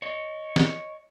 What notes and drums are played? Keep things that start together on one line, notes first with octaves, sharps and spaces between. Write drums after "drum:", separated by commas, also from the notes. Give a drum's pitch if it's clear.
C#5 D#5
drum: snare